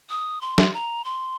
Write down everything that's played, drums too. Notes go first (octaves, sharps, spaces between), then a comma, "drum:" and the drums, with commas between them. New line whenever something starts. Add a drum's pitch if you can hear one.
D#6
C6
drum: snare
A#5
C6